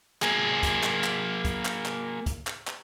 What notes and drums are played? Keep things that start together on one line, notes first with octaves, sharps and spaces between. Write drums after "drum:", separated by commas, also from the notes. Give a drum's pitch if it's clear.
A#3 G#4, drum: clap
drum: kick, hi-hat
drum: clap
drum: clap
drum: kick, hi-hat
drum: clap
drum: clap
drum: kick, hi-hat
drum: clap
drum: clap